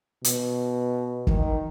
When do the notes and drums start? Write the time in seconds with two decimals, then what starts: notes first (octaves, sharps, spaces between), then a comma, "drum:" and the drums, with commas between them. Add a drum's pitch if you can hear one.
0.24 B2, drum: hi-hat
1.27 D#3, drum: kick